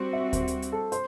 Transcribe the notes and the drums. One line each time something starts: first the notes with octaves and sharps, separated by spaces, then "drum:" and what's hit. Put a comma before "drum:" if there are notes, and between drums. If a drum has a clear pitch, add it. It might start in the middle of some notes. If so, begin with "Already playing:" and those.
Already playing: G3 C4 F#4 C5
E5
C5, drum: kick D2, hi-hat
drum: hi-hat
drum: hi-hat
A4
C5, drum: hi-hat